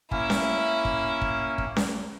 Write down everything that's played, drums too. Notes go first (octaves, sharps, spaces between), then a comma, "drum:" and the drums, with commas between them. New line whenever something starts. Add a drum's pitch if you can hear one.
A#3 C#4 E4, drum: kick
drum: snare C#4
drum: kick
drum: kick
drum: kick
drum: snare C#4